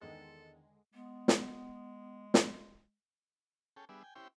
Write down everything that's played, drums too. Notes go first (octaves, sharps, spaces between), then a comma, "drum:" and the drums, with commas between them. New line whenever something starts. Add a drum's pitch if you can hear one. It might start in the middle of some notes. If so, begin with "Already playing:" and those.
E2 D3 D#3 G#3 A4
G#3 B3
drum: snare
drum: snare
C#4 G#4 A4 G5
G3 B3 D4 G#4 E5
G5 G#5
C#4 E4 G4 C5 G5